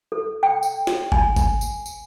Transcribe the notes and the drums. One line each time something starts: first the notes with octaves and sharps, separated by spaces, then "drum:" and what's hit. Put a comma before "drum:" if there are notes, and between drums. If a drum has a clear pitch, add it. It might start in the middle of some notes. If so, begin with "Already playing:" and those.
A4
G5
drum: tambourine
drum: snare
G#5, drum: kick G1
drum: kick G1, tambourine
drum: tambourine
drum: tambourine